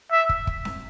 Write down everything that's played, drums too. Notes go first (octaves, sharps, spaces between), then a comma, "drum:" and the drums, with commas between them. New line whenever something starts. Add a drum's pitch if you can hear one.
E5
drum: kick
drum: kick
drum: snare C4